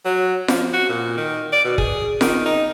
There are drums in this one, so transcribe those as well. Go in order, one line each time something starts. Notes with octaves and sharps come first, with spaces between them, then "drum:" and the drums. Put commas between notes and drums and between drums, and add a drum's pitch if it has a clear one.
F#3
F3, drum: snare F4
F#4
A#2
D#3
D5
B2
G#4, drum: kick
D#3, drum: snare F4
D#4